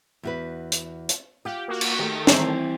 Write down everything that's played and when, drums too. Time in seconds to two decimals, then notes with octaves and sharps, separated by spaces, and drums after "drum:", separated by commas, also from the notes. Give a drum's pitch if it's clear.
0.23 E2 F#4 B4
0.72 drum: hi-hat
1.09 drum: hi-hat
1.45 F4 G4 F#5
1.68 A#3 F#4
1.81 drum: cymbal
1.99 D#3 A3 G4
2.27 E3 G3 C4, drum: snare